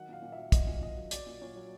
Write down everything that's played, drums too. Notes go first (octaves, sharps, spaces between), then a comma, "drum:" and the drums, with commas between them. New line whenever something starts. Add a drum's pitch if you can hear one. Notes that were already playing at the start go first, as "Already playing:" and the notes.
Already playing: D#3 F#3 F#5
A#2 F5
A#2
E5
F#3
F#3 D#5, drum: kick, hi-hat
A#2
A#2 D#5
F#3
F#3 D5, drum: hi-hat
A#2
A#2 C#5
F#3